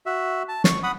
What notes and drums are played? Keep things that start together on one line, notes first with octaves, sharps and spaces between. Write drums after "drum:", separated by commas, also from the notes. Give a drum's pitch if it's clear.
F#4 E5
A5
C#6, drum: snare
F#5 B5 D#6